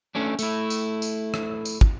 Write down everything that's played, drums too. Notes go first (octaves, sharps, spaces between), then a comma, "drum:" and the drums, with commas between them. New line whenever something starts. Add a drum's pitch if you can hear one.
A3 C#4 D4
A3 E4, drum: tambourine
drum: tambourine
drum: tambourine
drum: rim click
drum: tambourine
drum: kick